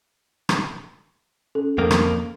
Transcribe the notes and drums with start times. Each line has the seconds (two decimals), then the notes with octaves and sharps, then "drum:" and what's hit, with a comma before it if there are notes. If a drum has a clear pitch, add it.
0.49 drum: rim click
1.55 C#4 A4
1.78 F2 A#3
1.91 drum: rim click